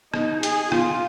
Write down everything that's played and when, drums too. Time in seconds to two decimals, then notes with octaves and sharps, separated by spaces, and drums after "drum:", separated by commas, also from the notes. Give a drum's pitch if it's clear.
0.14 D#4, drum: rim click
0.43 G#4, drum: hi-hat
0.72 F4, drum: rim click